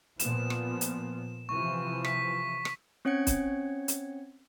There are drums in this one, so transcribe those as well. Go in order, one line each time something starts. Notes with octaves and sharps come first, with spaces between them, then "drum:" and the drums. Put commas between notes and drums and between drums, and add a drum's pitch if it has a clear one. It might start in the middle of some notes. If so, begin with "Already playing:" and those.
A#2 F3 B3 E7, drum: hi-hat
drum: rim click
drum: hi-hat
C3 E3 F3 C#6
B6, drum: rim click
drum: rim click
C4 C#4 C#5 F#5 G#6 C#7
drum: kick, hi-hat
drum: hi-hat